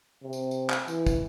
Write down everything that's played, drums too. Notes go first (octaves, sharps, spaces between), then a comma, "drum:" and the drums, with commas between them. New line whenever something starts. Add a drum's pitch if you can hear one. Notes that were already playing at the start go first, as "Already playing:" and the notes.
C3
drum: tambourine
drum: tambourine
drum: clap
E3, drum: tambourine
drum: kick, tambourine